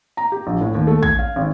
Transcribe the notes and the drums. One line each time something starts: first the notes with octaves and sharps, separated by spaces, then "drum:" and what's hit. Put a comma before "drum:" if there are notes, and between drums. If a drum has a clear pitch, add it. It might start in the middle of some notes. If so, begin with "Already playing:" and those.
A#5
G4
A#1
A2
D#2
A3
G#6, drum: kick
F5
G#1